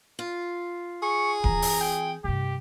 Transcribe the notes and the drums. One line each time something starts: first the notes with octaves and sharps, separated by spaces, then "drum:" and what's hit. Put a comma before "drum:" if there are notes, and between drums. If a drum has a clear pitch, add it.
F4
G#4 C#6
E3 C4 A#5, drum: kick D1
drum: open hi-hat
G5
G2 C3 G4